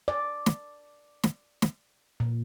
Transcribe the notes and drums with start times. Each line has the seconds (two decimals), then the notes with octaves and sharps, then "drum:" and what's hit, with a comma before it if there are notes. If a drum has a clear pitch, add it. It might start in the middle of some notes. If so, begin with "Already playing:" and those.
0.08 D5
0.46 drum: snare
1.23 drum: snare
1.62 drum: snare
2.20 A#2